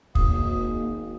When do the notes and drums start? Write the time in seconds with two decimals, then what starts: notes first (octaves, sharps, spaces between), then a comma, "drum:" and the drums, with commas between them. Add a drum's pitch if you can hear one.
0.15 G#1 A#3 D#6, drum: kick